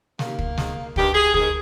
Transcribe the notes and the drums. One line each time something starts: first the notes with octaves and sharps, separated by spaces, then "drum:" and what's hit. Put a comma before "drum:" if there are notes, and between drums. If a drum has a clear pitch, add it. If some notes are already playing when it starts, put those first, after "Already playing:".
D#2 C#3 A#3, drum: snare
drum: kick
G#2 D#3, drum: snare
G2 D#3 G4, drum: kick
G#4
G#2 D#3 G#4, drum: kick